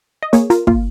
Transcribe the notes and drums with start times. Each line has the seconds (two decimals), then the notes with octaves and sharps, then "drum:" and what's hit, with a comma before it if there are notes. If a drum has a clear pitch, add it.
0.23 D#5
0.33 A#3 G#4 C#5, drum: hi-hat
0.50 F4 A#4, drum: hi-hat
0.67 A#3 F4, drum: kick